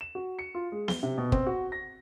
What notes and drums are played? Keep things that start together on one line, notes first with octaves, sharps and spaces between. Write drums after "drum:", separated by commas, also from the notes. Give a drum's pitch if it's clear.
E7
F#4
C#7
F4
G#3
G7, drum: snare B3
C3
B2
C4, drum: kick
F#4
A#6